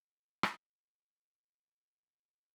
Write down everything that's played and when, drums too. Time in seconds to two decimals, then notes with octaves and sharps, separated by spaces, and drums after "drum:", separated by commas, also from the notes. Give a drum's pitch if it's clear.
0.43 drum: rim click
1.04 D#4
1.49 B2 F#3 A3 F#4
2.02 D#2 C3